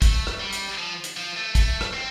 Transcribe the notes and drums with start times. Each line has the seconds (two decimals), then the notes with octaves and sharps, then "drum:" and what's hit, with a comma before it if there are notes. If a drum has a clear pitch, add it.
0.02 A3, drum: kick, hi-hat
0.27 drum: rim click
0.40 G3
0.53 drum: hi-hat
0.78 F3
1.04 drum: hi-hat
1.17 F3
1.37 A3
1.55 A3, drum: kick, hi-hat
1.81 drum: rim click
1.93 C4